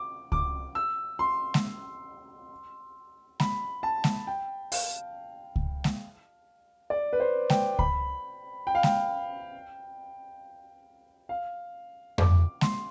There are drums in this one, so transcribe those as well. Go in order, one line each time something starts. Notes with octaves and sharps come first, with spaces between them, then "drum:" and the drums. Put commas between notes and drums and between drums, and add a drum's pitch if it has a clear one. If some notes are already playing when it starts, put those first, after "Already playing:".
Already playing: D6
D6, drum: kick C#2
E6
C6
drum: snare G#3
B5, drum: snare G#3
A5
drum: snare G#3
G5
F5, drum: open hi-hat
drum: kick C#2
drum: snare G#3
D5
B4
C5
G5, drum: snare G#3
B5, drum: kick C#2
G5
F5
G5, drum: snare G#3
F5
D6, drum: tom F2
C6, drum: snare G#3